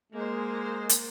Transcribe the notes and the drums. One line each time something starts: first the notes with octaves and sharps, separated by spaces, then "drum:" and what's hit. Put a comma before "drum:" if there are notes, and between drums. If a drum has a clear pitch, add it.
G#3 A#3 C5
drum: hi-hat